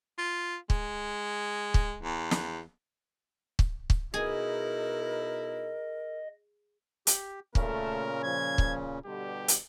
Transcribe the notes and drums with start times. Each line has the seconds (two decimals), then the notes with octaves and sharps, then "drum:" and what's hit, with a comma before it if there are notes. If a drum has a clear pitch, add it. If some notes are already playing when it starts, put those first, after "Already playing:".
0.18 F4
0.70 G#3, drum: kick
1.74 drum: kick
2.03 E2
2.31 drum: snare
3.59 drum: kick
3.90 drum: kick
4.14 B2 D#4 E4 G#4 A#4 D#5
7.07 G4, drum: hi-hat
7.55 A#2 C#3 A3 C#4 A#4, drum: kick
8.23 F3 G#6
8.58 drum: kick
9.05 B2 D3 G3 G4
9.48 drum: hi-hat